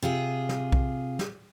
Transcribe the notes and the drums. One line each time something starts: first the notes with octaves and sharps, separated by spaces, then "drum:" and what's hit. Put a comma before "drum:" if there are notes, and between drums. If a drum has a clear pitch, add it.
C3 F4 G#4
drum: snare
drum: kick B1
drum: snare